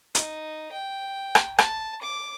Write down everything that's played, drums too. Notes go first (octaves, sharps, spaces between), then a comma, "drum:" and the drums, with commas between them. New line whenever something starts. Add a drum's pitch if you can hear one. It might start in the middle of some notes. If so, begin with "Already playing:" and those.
D#4, drum: hi-hat
G5
drum: rim click
A5, drum: rim click
D6